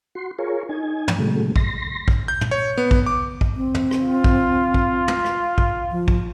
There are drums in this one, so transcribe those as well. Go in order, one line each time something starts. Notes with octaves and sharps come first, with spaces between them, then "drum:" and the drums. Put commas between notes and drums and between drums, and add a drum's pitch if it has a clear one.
F#4 C6
F4 G#4 A#4 C#5
D#4 G#5
drum: tom
A#2 C#3 F#3 G#3 A3
C6 A#6, drum: kick
drum: kick
G6
drum: tom
C#5
B3
drum: kick
D6
drum: kick
C4
drum: tom
drum: rim click
F4
drum: kick
drum: kick
drum: tom
drum: rim click
drum: kick
F3
drum: kick